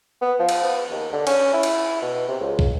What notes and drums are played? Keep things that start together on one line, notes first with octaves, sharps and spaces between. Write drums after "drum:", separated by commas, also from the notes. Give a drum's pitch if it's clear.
B3
F3
drum: cymbal
B3
D#2
D3
C#4, drum: cymbal
E4
drum: cymbal
B2
C3
C#2
drum: kick